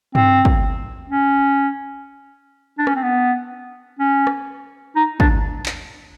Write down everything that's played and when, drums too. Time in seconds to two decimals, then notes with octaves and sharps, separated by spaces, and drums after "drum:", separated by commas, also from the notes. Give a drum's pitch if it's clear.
0.15 C4, drum: tom G2
0.45 drum: kick
1.10 C#4
2.78 D4
2.87 C#4, drum: rim click
2.96 C4
3.03 B3
3.99 C#4
4.27 drum: rim click
4.96 D#4
5.20 D4, drum: kick
5.66 drum: clap